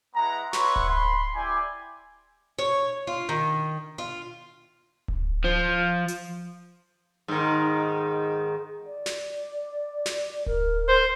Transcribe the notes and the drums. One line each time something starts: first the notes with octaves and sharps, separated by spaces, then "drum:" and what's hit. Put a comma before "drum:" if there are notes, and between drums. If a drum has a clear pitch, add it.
G#3 B3 E4 F#5 A#5
B4 C#5 E5 F#5 C6 C#6, drum: snare
drum: kick D1
B5 C6
E4 G4 D5 G#5
C#5
F4
D#3
F4
drum: kick D1
F3
drum: hi-hat
G#2 D#3
D5
drum: snare
drum: snare
A#4, drum: kick D1
C5